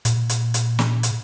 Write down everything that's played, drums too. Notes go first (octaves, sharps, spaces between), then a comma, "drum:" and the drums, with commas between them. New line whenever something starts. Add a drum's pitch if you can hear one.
A#2, drum: hi-hat
drum: hi-hat
drum: hi-hat
drum: snare
drum: hi-hat